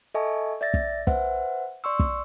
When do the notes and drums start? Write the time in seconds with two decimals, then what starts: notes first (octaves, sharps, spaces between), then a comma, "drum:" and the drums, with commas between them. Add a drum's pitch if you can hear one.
0.14 A4 D#5 E5 G#5 A5 C#6
0.61 D5 E5 A6 A#6
0.74 drum: kick
1.07 B4 C5 E5 F#5, drum: kick
1.84 D5 C6 C#6 E6
1.99 drum: kick